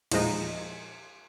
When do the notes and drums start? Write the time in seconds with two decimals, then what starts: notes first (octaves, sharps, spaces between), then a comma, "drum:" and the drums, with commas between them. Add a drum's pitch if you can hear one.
0.11 E2 A#2 F3 G#3 D#4, drum: cymbal